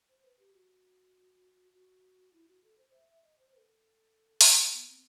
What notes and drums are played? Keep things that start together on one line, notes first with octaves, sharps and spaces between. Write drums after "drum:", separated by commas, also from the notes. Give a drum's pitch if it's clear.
C5
B4
G4
F#4
F#4
E4
F#4
A4
C5
E5
E5
D#5
C5
B4
A4
drum: open hi-hat
B3
C4